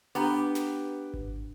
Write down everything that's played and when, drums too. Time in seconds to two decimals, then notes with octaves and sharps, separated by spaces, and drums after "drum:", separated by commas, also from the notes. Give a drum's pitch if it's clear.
0.15 B3 D4 G4 A#5, drum: open hi-hat
0.55 drum: snare
1.14 drum: kick G#1